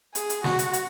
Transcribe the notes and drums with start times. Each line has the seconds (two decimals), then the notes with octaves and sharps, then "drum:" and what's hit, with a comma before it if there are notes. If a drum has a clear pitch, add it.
0.15 G#4, drum: hi-hat
0.30 drum: hi-hat
0.44 F#4, drum: snare
0.59 drum: hi-hat
0.73 drum: hi-hat